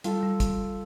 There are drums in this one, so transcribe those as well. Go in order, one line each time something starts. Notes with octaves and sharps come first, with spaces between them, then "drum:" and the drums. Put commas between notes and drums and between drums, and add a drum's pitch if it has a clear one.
G3 F4 A4, drum: hi-hat
G3
drum: kick, hi-hat